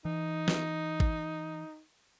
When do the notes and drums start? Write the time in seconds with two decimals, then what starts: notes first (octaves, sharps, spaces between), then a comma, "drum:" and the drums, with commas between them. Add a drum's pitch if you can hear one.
0.05 E3 D#4
0.48 drum: snare
1.00 drum: kick G#1